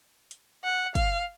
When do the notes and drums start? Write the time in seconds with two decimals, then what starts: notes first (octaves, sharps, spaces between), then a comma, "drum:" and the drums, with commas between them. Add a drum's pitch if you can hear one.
0.31 drum: hi-hat
0.64 F#5
0.95 F5, drum: kick, hi-hat